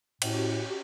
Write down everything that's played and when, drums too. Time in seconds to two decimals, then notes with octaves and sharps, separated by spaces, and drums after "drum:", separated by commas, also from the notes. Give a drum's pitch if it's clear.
0.22 A2 C#4 F#4 G4, drum: cymbal